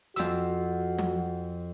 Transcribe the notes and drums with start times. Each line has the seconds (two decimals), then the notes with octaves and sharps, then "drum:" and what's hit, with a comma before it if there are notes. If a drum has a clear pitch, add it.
0.16 F2 F#4 E6, drum: hi-hat
0.98 drum: tom